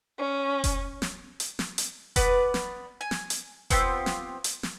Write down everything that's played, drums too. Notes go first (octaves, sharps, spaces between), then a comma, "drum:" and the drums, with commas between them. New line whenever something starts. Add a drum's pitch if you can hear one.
C#4
drum: kick F1, hi-hat
drum: snare
drum: hi-hat
drum: snare
drum: hi-hat
B3 B4 D5, drum: kick F1, hi-hat
drum: snare
G#5
drum: snare
drum: hi-hat
B3 C4 F4 G4, drum: kick F1, hi-hat
drum: snare
drum: hi-hat
drum: snare